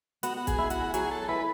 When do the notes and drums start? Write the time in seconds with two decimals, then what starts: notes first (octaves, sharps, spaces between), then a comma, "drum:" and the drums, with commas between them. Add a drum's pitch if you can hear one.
0.23 B3 F#4, drum: hi-hat
0.37 F#4
0.47 G#4, drum: kick, hi-hat
0.58 E4
0.70 F#4, drum: hi-hat
0.94 F#3 G#4, drum: hi-hat
1.11 A4
1.28 E4 B4